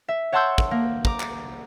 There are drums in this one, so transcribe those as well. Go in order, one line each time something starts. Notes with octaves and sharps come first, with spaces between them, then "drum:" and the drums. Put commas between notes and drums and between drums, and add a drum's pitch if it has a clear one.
E5
C#5 F#5 A5 C6 E6 G6
drum: kick
A#3
A#5 D6, drum: kick
drum: clap